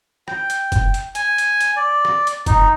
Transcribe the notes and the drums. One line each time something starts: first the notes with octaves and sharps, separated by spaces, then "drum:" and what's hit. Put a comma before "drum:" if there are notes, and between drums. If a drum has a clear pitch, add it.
G5, drum: rim click
drum: hi-hat
drum: kick, hi-hat
drum: hi-hat
G#5, drum: hi-hat
drum: hi-hat
drum: hi-hat
D5
drum: rim click
drum: hi-hat
D#4, drum: kick, hi-hat